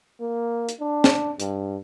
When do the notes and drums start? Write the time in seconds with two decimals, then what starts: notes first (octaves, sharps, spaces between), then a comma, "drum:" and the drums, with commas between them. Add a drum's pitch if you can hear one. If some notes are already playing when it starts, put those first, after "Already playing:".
0.20 A#3
0.69 drum: hi-hat
0.80 D4
1.04 drum: snare
1.40 G2, drum: hi-hat